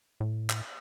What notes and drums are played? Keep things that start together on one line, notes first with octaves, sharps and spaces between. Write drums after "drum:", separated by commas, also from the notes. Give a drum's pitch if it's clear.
A2
drum: clap